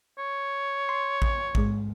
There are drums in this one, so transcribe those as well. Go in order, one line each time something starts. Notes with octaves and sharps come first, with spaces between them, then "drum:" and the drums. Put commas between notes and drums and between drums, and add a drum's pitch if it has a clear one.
C#5
C6
drum: kick A1
G#2 G#3, drum: kick A1